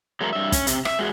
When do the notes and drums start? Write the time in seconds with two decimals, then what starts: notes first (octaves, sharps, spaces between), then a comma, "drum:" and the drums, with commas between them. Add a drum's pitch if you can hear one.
0.21 F#3 G#3 A3 D4 A#4
0.33 G2 E5
0.52 C#4, drum: kick, hi-hat
0.67 C3, drum: hi-hat
0.85 E5, drum: rim click
0.99 G#3 F#4 G#4